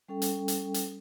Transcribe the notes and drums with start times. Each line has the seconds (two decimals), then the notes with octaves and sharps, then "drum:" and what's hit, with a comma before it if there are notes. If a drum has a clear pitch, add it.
0.08 G3 C#4 A4 G5
0.22 drum: hi-hat
0.48 drum: hi-hat
0.74 drum: hi-hat